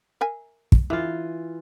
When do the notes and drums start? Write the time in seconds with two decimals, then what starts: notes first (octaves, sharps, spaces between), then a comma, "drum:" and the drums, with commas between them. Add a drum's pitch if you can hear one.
0.21 A#4 E5 G#5
0.72 drum: kick
0.90 D3 E3 F4